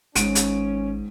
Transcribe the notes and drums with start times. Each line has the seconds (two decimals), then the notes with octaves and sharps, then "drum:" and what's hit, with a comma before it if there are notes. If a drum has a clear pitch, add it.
0.15 G#1 G#2 C#4 D7 D#7, drum: hi-hat
0.35 drum: hi-hat